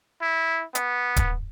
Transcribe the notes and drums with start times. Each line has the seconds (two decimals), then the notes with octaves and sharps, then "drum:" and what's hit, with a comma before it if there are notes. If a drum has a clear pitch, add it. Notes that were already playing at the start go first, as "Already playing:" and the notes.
0.22 E4
0.75 B3, drum: hi-hat
1.16 drum: kick D1, hi-hat